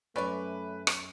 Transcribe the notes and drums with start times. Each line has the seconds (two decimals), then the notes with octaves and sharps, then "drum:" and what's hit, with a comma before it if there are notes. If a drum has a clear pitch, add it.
0.16 F#2 A3 C#4 B4 D5 G#5
0.87 drum: rim click